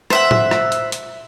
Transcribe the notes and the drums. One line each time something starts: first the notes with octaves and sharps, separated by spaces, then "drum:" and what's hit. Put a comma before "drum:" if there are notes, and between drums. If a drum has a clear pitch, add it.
C5 E5 F#5, drum: rim click
drum: tom
drum: rim click
drum: hi-hat
drum: hi-hat